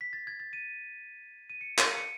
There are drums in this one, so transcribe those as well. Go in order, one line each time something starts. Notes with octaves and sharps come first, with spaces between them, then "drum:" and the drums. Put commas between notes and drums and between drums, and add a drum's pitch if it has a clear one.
B6
A6
G#6
A6
D#7
D#7
C#7
D#7, drum: clap
C#7